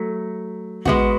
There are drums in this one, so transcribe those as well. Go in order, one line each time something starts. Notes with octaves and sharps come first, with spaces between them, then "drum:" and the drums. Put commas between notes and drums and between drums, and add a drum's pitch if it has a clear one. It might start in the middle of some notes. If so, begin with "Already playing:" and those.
Already playing: F#3 A3
G#3 B3 F#4, drum: kick